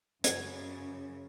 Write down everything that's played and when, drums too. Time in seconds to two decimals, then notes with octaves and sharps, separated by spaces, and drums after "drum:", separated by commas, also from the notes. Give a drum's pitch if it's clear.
0.24 F#2 C#3 G#6, drum: hi-hat